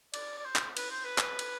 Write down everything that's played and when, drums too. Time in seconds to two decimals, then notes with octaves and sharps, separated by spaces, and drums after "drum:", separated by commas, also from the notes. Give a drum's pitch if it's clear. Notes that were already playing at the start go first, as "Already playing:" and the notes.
0.14 D5, drum: cymbal
0.39 D5
0.45 C5
0.56 drum: clap
0.77 B4, drum: cymbal
0.90 C5
1.05 B4
1.18 drum: clap
1.39 drum: cymbal